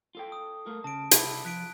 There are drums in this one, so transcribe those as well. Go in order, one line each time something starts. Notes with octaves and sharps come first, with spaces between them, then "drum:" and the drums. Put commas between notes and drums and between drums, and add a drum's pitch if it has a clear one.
F4 A4 G5
D#6
A3 A#4
C#3 A5 D7
C3 E4 G4, drum: hi-hat
F3 F#6 B6 D7